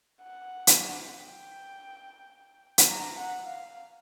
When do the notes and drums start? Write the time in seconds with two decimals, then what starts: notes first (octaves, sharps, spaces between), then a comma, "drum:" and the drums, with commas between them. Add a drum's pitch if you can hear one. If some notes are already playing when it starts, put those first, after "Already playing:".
0.22 F#5
0.67 drum: hi-hat
1.11 G5
2.78 drum: hi-hat
2.89 A#5
3.19 F#5
3.48 F5